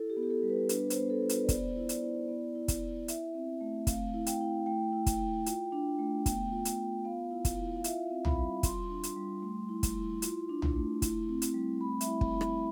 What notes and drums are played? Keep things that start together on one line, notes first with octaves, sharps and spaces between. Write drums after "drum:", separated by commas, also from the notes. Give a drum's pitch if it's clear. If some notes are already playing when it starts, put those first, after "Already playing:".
Already playing: E4 A4
G4
B3
G4
A4
G3
B4
D4 B4, drum: hi-hat
C5, drum: hi-hat
B3
A4
F4
B4, drum: hi-hat
D5
B3 C5, drum: kick, hi-hat
E4
D5, drum: hi-hat
E4
B3
E4
drum: kick, hi-hat
E4
E4 E5, drum: hi-hat
C4
A3
A3 F5, drum: kick, hi-hat
E4
G5, drum: hi-hat
E4
A3 G5
E4
drum: kick, hi-hat
E4
F4, drum: hi-hat
D4
A3
B3 G5, drum: kick, hi-hat
F4
drum: hi-hat
F4
B3 F5
E4
drum: kick, hi-hat
E4
F5
F4 E5, drum: hi-hat
C4
B5, drum: tom B1
G3
F4 C6, drum: kick, hi-hat
D4
drum: hi-hat
G3
A3
E4
drum: kick, hi-hat
E4
F4, drum: hi-hat
D4
drum: tom B1
A3
E4, drum: kick, hi-hat
C4
drum: hi-hat
G3
A3 B5
E5, drum: hi-hat
E4
B5, drum: kick
E4
B5, drum: rim click